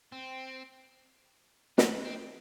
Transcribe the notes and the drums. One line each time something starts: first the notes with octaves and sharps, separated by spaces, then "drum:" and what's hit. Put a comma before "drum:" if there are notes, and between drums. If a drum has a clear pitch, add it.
C4
B3, drum: snare
C4